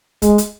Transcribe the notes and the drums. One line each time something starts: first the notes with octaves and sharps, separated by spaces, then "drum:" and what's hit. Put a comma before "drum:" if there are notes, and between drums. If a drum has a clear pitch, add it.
G#3, drum: kick, hi-hat
drum: hi-hat